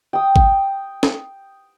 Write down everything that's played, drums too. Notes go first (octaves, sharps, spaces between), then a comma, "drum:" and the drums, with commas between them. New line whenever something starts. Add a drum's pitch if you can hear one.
G5 D#6
drum: kick G#1
drum: snare